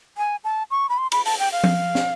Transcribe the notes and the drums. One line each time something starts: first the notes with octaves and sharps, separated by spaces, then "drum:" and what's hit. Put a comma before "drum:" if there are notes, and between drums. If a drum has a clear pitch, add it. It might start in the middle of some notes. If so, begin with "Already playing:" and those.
G#5
A5
C#6
B5
C6
B5, drum: cymbal
A5, drum: open hi-hat
G5
F5
drum: tom F3
drum: snare